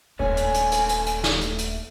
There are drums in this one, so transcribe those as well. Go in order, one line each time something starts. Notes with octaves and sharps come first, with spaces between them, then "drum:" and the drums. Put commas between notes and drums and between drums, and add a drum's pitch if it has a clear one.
D#1 A3 A#3 C#4 D4 G#5
drum: hi-hat
drum: hi-hat
drum: hi-hat
drum: hi-hat
drum: hi-hat
drum: snare
drum: hi-hat
drum: hi-hat